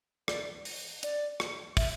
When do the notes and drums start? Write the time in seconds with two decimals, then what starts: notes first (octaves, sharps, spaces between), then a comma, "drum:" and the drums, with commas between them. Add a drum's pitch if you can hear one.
0.28 D5, drum: rim click
0.65 drum: open hi-hat
1.03 D5, drum: hi-hat
1.40 drum: rim click
1.77 E5, drum: kick, open hi-hat